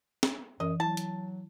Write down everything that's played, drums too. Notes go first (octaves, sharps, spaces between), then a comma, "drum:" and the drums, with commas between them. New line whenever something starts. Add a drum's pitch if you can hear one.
drum: snare
F#2 E3 D#5
F#3 E4 A5
drum: hi-hat